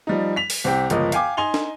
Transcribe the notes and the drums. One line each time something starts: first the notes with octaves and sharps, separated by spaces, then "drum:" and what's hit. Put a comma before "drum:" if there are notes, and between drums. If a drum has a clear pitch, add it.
F3 G3 D#4
B6 F7
drum: open hi-hat
C2 C4 G4 G5
G1 C#2 F3 A#4 D#5, drum: hi-hat
F5 G5 G#5 D6, drum: hi-hat
D#4 D#5 G#5 C6 F7 G7
drum: snare